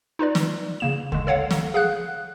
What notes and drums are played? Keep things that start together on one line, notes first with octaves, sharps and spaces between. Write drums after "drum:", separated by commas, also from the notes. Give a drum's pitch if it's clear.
D#4 F4 B4 D5
drum: snare
C#3 A#3 E7
D3 G#3, drum: kick D2
A4 C#5 F5 F#5
drum: snare
G#4 F5 F#5 F#6